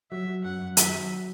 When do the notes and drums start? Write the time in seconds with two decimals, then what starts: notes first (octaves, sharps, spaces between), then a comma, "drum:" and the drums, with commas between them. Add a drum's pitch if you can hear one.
0.11 F#3 E5
0.28 F#3
0.44 F#2 F#5
0.60 F#2
0.77 D#3 E5, drum: hi-hat
0.94 F#3